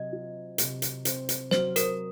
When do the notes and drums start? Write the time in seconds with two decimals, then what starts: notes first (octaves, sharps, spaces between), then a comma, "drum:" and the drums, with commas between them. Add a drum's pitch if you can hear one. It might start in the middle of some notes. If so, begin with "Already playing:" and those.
Already playing: C3 F#3 C4 D#5
0.12 F4
0.58 C3, drum: hi-hat
0.82 drum: hi-hat
1.05 C4, drum: hi-hat
1.29 drum: hi-hat
1.51 F#3 C5, drum: snare
1.76 A#4, drum: hi-hat